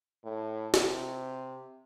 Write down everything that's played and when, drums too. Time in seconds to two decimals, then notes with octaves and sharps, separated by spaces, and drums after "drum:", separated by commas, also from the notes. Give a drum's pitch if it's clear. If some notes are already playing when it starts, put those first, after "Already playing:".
0.24 A2
0.74 C3, drum: snare